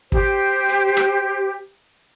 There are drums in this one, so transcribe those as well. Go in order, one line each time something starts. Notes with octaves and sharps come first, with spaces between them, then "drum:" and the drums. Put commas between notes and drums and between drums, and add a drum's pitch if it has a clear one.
G4 C5, drum: kick
drum: hi-hat
drum: rim click